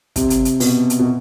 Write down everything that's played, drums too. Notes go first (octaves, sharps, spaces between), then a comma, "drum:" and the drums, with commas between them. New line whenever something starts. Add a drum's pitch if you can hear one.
C3, drum: kick, hi-hat
drum: hi-hat
drum: hi-hat
B2, drum: open hi-hat
drum: hi-hat
B2